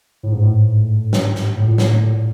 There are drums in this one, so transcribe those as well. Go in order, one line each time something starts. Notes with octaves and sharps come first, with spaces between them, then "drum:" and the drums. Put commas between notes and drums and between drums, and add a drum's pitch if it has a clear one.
A2
G#2
A2
drum: snare
drum: snare
A2
A#2
A2, drum: snare
A2